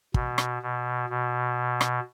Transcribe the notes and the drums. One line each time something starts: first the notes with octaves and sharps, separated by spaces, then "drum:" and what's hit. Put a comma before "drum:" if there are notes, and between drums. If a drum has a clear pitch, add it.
B2, drum: kick
drum: rim click
B2
B2
drum: rim click